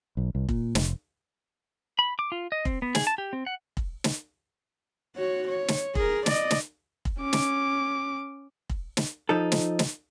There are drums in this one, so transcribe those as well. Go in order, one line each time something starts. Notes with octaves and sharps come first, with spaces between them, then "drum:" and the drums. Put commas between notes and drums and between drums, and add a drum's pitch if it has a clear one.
B1
C2
A#2, drum: kick
F1, drum: snare
B5
D6
F4
D#5
C4, drum: kick
B3
G#4, drum: snare
A5
G4
C4
F#5
drum: kick
drum: snare
F#4 C#5
C#5
drum: snare
G#4 A#4, drum: kick
D5 D#5, drum: snare
drum: snare
drum: kick
C#4 D6
drum: snare
drum: kick
drum: snare
F3 D#4 A4
drum: snare
drum: snare